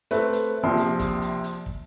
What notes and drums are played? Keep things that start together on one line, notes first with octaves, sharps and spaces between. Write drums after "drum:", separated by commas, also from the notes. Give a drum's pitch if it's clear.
A3 C4 B4, drum: hi-hat
drum: hi-hat
A#1 C3 F3 C6
drum: hi-hat
drum: kick, hi-hat
drum: hi-hat
drum: hi-hat
drum: kick